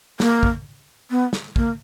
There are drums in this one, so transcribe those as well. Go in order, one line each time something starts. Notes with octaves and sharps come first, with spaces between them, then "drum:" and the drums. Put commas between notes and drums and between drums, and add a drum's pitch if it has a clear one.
A#3, drum: snare
drum: kick
B3
drum: snare
A#3, drum: kick